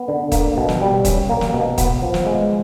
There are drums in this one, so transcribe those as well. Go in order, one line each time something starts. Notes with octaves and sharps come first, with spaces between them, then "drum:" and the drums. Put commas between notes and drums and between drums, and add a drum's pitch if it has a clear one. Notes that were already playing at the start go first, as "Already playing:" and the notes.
Already playing: B3
D3
A#3, drum: kick, hi-hat
B2
drum: snare
G3
C#4, drum: kick, hi-hat
A#3
drum: snare
B2
B3, drum: kick, hi-hat
F3
drum: snare
G#3